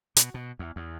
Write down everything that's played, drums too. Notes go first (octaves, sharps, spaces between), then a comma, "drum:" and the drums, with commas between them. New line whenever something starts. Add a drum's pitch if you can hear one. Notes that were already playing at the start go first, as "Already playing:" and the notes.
B2, drum: hi-hat
B2
E2
E2